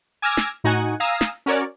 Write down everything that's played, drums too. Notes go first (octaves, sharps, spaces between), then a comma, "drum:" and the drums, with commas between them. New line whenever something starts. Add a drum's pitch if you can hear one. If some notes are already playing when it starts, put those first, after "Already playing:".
G#5 D6 E6 F6 G#6 A#6
drum: snare
A2 D#4 F#4 F#5 G#5
F5 G#5 A#5 D#6 E6
drum: snare
C#4 F#4 A#4 C#5 D5